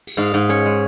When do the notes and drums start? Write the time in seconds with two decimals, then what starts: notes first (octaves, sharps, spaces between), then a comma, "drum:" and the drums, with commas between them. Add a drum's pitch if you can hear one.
0.07 drum: tambourine
0.17 G#2 F5
0.34 G#2
0.49 C#4 C#5
0.66 G#3